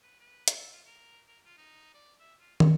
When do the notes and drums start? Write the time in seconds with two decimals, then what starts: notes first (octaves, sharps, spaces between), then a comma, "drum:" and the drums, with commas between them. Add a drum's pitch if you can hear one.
0.03 B4
0.20 B4
0.48 drum: hi-hat
0.57 A4
0.73 F4
0.86 A#4
1.28 A#4
1.45 F4
1.58 D#4
1.94 D5
2.20 E5
2.40 F4
2.60 F#4, drum: tom